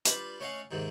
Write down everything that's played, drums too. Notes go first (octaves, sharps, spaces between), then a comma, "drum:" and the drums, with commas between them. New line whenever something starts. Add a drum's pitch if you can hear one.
G3 D4 F4 B4, drum: hi-hat
A3 C#4 C#5 D#5 F5 F#5
D#2 G#2 C3 D#3